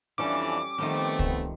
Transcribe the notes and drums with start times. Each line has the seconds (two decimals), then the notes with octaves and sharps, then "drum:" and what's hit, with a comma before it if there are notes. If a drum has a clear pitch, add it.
0.18 F2 E3 G3 C#4 D4 A4 D6
0.78 D#3 F3 G3 A3 B3 C4
1.19 drum: kick